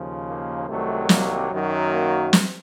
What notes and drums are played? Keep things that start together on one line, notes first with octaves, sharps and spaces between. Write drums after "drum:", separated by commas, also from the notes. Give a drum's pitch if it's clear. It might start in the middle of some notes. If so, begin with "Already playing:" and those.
Already playing: D#2 C#3 F3
A#3
C2 C3 D#3 F#3 A3
A#3, drum: snare
F#2 D#3 F#3
A#3
drum: snare